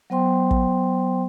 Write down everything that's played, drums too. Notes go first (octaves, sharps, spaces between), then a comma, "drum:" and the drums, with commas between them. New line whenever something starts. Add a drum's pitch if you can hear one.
F#3 B3 C5 G5 C6
drum: kick